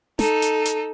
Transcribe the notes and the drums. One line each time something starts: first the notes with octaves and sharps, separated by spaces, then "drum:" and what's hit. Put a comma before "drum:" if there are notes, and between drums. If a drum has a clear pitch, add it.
D#4 A4, drum: snare
drum: hi-hat
drum: hi-hat